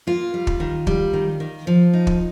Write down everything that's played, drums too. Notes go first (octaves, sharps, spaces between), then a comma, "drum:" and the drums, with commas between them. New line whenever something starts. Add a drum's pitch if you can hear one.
A#3 F4
G3
drum: kick
D#3
G3, drum: kick
D#3
D#3
F3
D#4
drum: kick